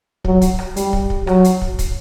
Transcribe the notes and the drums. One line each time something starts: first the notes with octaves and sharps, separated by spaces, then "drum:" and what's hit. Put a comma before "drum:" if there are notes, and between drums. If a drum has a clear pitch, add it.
F#3, drum: kick
drum: kick, hi-hat
drum: rim click
G3, drum: hi-hat
drum: kick
drum: kick
F#3, drum: rim click
drum: hi-hat
drum: kick
drum: kick, hi-hat